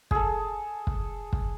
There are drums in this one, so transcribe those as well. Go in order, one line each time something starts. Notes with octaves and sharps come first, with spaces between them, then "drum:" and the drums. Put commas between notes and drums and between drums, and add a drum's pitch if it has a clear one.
G#4 A4, drum: kick
drum: kick
drum: kick